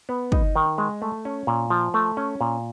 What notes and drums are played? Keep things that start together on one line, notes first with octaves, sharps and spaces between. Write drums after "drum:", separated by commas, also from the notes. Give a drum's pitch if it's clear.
B3
D#4, drum: kick
D#3
G#3
A3
C#4
A#2
F3
A3
C#4
A#2